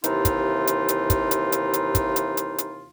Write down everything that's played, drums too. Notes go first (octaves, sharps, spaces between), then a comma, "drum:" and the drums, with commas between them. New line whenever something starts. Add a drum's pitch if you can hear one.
D#2 C3 E3 D#4 F4, drum: hi-hat
drum: kick, hi-hat
drum: hi-hat
drum: hi-hat
drum: kick, hi-hat
drum: hi-hat
drum: hi-hat
drum: hi-hat
drum: kick, hi-hat
drum: hi-hat
drum: hi-hat
drum: hi-hat